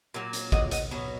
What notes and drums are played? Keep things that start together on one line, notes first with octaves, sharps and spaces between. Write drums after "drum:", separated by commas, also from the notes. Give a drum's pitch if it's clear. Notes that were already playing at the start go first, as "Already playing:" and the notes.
A#2 F#3
drum: hi-hat
D#5 F#5, drum: kick
D#5 F#5, drum: hi-hat
B2 F#3